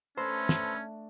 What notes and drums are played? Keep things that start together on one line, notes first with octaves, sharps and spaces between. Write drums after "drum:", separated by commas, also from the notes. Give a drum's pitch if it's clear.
A3 C#4 D4 A4 B4 C5 A#5 C6
drum: snare